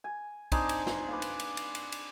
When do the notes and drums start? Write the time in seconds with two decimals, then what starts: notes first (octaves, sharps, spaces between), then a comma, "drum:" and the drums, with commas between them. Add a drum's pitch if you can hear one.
0.04 G#5
0.52 C4 D4 D#4 G#4, drum: kick, cymbal
0.69 drum: cymbal
0.87 drum: snare
1.09 B4 D5 F5
1.22 drum: cymbal
1.40 drum: cymbal
1.57 drum: cymbal
1.75 drum: cymbal
1.92 drum: cymbal